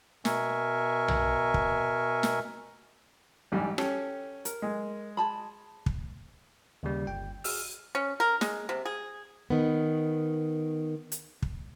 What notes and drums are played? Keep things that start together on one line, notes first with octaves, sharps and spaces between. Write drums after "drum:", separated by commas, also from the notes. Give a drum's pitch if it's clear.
B2 A#4 E5 G#5 C#6, drum: snare
drum: tom B1
drum: kick
drum: snare
A1 G#2 G3
C#4 G4 A4, drum: rim click
A#4, drum: hi-hat
G#3
G#4 A5 B5
drum: kick
D#2 C#3 G3
G1 G5
F#4 G#4 E6 F6, drum: open hi-hat
C#4
A#4
G#3, drum: snare
C3
G#4
D#3 B3
drum: hi-hat
drum: kick